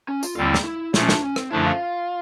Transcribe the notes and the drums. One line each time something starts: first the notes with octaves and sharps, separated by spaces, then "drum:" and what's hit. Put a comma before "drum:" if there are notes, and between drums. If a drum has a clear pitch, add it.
C#4
F4, drum: tambourine
D#2 D3 G3 C4 F4
E4
D#4, drum: snare
E4
A#2 F3 A3 E4, drum: snare
C#4
D4, drum: snare
C#4
C4, drum: rim click
F#2 D3 F3 A3 D4 E4
F4